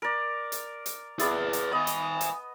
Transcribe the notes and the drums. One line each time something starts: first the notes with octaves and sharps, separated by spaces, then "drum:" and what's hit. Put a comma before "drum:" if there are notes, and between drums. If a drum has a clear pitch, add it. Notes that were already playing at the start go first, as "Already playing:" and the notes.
A#4 D5
drum: hi-hat
drum: hi-hat
B3 G#4 B4 D5 E5, drum: hi-hat
drum: hi-hat
B3 D#5 G#5 B5
drum: hi-hat
drum: hi-hat